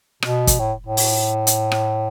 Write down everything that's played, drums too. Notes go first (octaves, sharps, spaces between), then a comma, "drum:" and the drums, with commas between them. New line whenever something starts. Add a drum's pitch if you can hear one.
B2, drum: rim click
drum: kick F#1, hi-hat
A2
A2
drum: open hi-hat
drum: hi-hat
drum: rim click